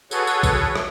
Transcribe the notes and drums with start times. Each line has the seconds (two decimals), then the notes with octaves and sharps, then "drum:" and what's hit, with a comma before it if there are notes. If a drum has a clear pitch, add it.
0.11 F#4 G#4 A4 B4 C#5 F#5, drum: tambourine
0.27 drum: tambourine
0.43 drum: kick A#1, tambourine
0.76 drum: rim click